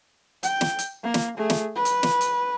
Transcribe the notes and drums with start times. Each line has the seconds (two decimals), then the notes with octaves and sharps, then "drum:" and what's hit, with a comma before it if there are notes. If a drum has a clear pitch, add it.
0.43 G5, drum: hi-hat
0.61 drum: snare
0.79 drum: hi-hat
1.04 A#3
1.14 drum: snare
1.37 A3 G#4
1.50 drum: snare
1.76 B4
1.85 drum: hi-hat
2.03 drum: snare
2.21 drum: hi-hat